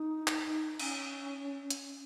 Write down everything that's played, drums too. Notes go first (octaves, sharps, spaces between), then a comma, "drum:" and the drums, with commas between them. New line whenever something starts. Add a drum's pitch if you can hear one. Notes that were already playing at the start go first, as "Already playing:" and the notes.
Already playing: D#4
drum: clap
C#4, drum: cymbal
drum: hi-hat